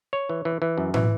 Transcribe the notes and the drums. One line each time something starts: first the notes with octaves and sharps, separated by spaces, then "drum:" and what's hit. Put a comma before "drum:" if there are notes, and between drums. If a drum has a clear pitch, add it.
C#5
E3
E3
E3
F#2
E3, drum: tom A2